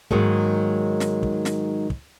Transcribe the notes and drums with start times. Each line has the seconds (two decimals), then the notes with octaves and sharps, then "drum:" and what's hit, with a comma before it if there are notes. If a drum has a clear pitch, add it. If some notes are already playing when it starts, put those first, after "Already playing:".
0.11 G#2 D#3 F#3 G#3 A#3, drum: kick
1.00 drum: snare
1.23 drum: kick
1.45 drum: snare
1.90 drum: kick